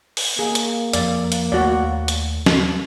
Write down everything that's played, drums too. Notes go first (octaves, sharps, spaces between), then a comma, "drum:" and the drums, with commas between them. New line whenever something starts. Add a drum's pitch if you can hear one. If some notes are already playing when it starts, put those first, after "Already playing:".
drum: open hi-hat
A#3 G#4
drum: hi-hat
F2 D5, drum: hi-hat
drum: hi-hat
D#2 A3 F#4 C#5 D5
drum: hi-hat
drum: snare F#3